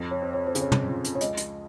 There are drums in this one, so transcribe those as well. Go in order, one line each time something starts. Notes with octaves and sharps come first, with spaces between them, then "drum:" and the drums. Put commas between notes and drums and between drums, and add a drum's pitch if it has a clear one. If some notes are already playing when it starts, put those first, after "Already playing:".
Already playing: F2
C#5
C4
C#5
C5
C#3, drum: hi-hat
C#5
drum: tom
F3
drum: hi-hat
C#5
C#2 D#5, drum: hi-hat
drum: hi-hat